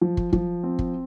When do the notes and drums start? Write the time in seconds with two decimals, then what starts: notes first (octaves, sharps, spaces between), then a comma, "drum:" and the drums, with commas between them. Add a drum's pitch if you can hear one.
0.01 F3
0.17 drum: kick
0.33 F3, drum: kick
0.64 C4
0.79 drum: kick